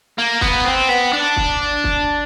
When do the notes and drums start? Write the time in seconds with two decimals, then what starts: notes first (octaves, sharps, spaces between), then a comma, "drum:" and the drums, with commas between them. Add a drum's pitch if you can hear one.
0.18 A#3
0.41 B3, drum: kick
0.65 C4
0.89 B3
1.13 D4
1.37 drum: kick
1.84 drum: kick